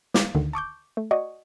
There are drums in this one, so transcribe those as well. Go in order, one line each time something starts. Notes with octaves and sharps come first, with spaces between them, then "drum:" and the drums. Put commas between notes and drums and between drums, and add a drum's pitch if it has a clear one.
F5 D6, drum: snare
D2 D3 D#3
A5 C#6 D6 G6
A3
F#4 D5 D#5 G#5 C#6